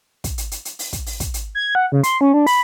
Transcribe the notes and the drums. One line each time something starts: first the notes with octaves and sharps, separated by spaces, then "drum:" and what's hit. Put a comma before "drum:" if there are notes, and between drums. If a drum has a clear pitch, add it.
drum: kick, hi-hat
drum: hi-hat
drum: hi-hat
drum: hi-hat
drum: open hi-hat
drum: kick, hi-hat
drum: open hi-hat
drum: kick, hi-hat
drum: hi-hat
G#6
F#5
C#3
C6, drum: hi-hat
C#4
D4
B5, drum: open hi-hat